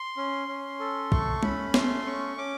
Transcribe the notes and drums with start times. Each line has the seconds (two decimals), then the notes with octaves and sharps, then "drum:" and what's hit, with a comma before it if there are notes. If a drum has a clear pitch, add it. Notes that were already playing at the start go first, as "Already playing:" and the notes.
Already playing: C6
0.17 C#4
0.48 C#4
0.80 A4
1.12 A3 C#6, drum: kick
1.43 C#4 B5, drum: tom
1.74 A3 C6, drum: snare
2.06 C#4 C#6
2.37 C#4 D6